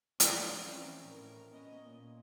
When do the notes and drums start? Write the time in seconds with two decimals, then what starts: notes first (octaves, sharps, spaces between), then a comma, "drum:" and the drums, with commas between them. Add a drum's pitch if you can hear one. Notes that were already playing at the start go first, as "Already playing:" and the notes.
0.20 F3 A3 D5, drum: hi-hat
0.62 E3 C4 C#4
1.01 A2 A#4
1.49 B3 C#4 D#5
1.81 A#2